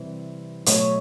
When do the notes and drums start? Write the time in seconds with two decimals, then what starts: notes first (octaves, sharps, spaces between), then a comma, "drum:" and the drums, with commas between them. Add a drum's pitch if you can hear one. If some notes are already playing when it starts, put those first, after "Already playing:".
Already playing: C3 E3 G3
0.66 B2 F#3 A3 C#5 D#5, drum: hi-hat